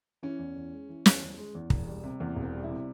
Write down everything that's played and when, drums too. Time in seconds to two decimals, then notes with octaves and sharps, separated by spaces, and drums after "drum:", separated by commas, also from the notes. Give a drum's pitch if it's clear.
0.23 E3 C#4
0.39 E2
0.56 E2
0.72 G#3
0.89 E3
1.06 E2, drum: snare
1.22 E2
1.38 G#3
1.55 E2
1.70 E1, drum: kick
1.87 G3
2.04 C3
2.20 E2 A#3
2.36 E1
2.42 C4
2.53 G3
2.63 E4
2.69 C3